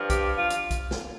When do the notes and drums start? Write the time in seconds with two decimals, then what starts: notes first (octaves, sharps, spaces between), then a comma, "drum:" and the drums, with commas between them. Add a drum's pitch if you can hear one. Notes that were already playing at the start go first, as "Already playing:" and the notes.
Already playing: G2 F3
0.10 G4, drum: kick B1, hi-hat
0.37 F4
0.50 drum: hi-hat
0.71 drum: kick B1, hi-hat
0.91 drum: snare